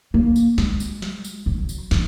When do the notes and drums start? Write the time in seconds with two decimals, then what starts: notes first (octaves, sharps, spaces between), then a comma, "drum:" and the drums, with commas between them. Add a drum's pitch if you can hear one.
0.14 A#3
0.36 drum: tambourine
0.58 G#3, drum: snare
0.80 drum: tambourine
1.02 drum: snare
1.25 drum: tambourine
1.46 F#3
1.69 drum: tambourine
1.91 E3, drum: snare